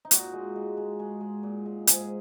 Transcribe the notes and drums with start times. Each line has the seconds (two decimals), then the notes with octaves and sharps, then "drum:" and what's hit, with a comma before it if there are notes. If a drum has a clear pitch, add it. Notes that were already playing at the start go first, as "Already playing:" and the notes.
0.05 D#4
0.11 A#2 F#4, drum: hi-hat
0.33 G#3
0.56 G#3
0.77 G#3
0.99 G#3
1.21 G#3
1.43 A#2
1.66 G#3
1.87 G#2 G#4, drum: hi-hat